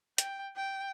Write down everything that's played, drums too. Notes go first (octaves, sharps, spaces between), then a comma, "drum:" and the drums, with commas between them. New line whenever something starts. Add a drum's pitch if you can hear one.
G5, drum: hi-hat
G5